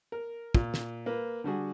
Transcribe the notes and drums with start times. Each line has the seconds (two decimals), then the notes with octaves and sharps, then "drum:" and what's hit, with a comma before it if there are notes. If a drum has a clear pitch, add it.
0.12 A#4
0.55 A#2, drum: kick
0.74 drum: snare
1.06 A#3 B4
1.44 D3 G3 F#4 G#4